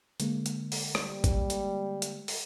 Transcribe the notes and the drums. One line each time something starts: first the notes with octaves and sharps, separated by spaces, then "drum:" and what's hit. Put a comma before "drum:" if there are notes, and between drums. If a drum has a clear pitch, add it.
D3 G#3 A#3, drum: hi-hat
drum: hi-hat
drum: open hi-hat
G3, drum: rim click
drum: kick G#1, hi-hat
drum: hi-hat
drum: hi-hat
drum: open hi-hat